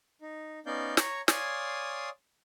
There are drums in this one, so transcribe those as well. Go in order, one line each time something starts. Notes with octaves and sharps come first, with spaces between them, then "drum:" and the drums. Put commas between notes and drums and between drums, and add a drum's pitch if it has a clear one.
D#4
B3 C#4 D#4 D5 F5 G6
C#5 A#5 C#6, drum: snare
C#5 D5 F5 G#5 C6 D#6, drum: snare